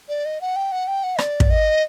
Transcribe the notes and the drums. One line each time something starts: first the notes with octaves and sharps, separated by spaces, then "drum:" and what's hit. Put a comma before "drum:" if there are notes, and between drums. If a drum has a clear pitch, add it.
D5
D#5
F#5
G5
F#5
G5
F#5
D5, drum: rim click
drum: kick
D#5